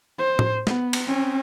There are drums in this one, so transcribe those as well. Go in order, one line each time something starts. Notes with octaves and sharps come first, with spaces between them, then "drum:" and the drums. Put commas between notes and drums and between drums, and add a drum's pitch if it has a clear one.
C5
drum: tom
B3, drum: snare
drum: cymbal
C4 C#4